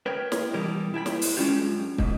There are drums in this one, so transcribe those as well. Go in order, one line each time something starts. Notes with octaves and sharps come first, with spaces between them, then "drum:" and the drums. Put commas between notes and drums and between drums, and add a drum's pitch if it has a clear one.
A#4 B4 C#5 G5
drum: snare
B2 E3 G3 A#4
E4 G5 G#5 B5
drum: snare
drum: open hi-hat
G#3 A3 C#4 D4 F4 G4
F#2
G#2 B2, drum: kick